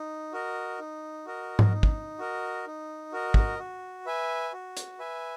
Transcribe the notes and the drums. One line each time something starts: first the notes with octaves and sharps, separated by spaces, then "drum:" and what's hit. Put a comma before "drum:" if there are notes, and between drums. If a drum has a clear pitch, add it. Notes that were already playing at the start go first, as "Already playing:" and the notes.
Already playing: D#4
F#4 A#4 D#5
D#4
F#4 A#4 D#5
drum: tom G#2
D#4
drum: kick
F#4 A#4 D#5
D#4
F#4 A#4 D#5
drum: kick
F#4
B4 E5 G#5
F#4
drum: hi-hat
B4 E5 G#5